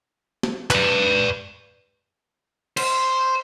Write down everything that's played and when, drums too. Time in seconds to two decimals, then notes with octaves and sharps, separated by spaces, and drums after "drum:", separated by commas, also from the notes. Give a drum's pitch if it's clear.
0.43 drum: snare
0.70 B4 D5, drum: clap
2.77 C5, drum: cymbal